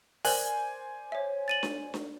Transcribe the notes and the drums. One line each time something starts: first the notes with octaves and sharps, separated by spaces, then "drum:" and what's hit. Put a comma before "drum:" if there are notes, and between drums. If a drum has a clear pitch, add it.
A#4 C5 D5 G#5 F#6 F#7, drum: open hi-hat
C#5 E5
A6 D#7 F#7
drum: snare D4
drum: snare D4